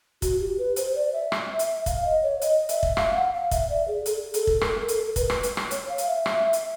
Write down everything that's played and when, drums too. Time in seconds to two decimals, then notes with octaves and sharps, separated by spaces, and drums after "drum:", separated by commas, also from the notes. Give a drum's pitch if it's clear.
0.22 F#4, drum: kick, hi-hat
0.40 G4
0.58 B4
0.76 C5, drum: hi-hat
0.95 D5
1.13 E5
1.32 drum: rim click
1.59 drum: hi-hat
1.86 F5, drum: kick, hi-hat
2.05 D#5
2.23 C#5
2.42 D#5, drum: hi-hat
2.69 E5, drum: hi-hat
2.83 drum: kick
2.97 F5, drum: rim click
3.15 F#5
3.33 F5
3.51 E5, drum: kick, hi-hat
3.70 D5
3.88 G#4
4.06 A4, drum: hi-hat
4.11 G#4
4.34 A4, drum: hi-hat
4.47 drum: kick
4.61 A#4, drum: rim click
4.79 A4
4.88 drum: hi-hat
4.98 A#4
5.16 B4, drum: kick, hi-hat
5.30 drum: rim click
5.43 drum: hi-hat
5.57 drum: rim click
5.71 C#5, drum: hi-hat
5.89 F5
5.98 drum: hi-hat
6.07 E5
6.26 drum: rim click
6.53 drum: hi-hat